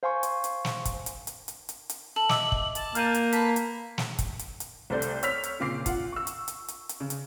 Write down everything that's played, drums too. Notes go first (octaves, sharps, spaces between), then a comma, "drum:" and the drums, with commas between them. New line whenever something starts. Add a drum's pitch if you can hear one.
C5 F5 G#5 C6 C#6
drum: hi-hat
drum: hi-hat
drum: snare
drum: kick, hi-hat
drum: hi-hat
drum: hi-hat
drum: hi-hat
drum: hi-hat
drum: hi-hat
A4 F#7
D#5 E5 D6 E6, drum: snare
drum: kick
A5, drum: hi-hat
A#3 F6 G6 D#7, drum: hi-hat
drum: hi-hat
A4 B4 B6, drum: hi-hat
drum: hi-hat
drum: snare
drum: kick, hi-hat
drum: hi-hat
drum: hi-hat
C2 A3 A4 C5 D5 G6
drum: hi-hat
C#5 E6 F6 B6 F7, drum: hi-hat
drum: hi-hat
A#2 C#3 C4 D6 C7
F4 F#5, drum: kick, hi-hat
C#6 E6
drum: hi-hat
drum: hi-hat
drum: hi-hat
drum: hi-hat
C#3
drum: hi-hat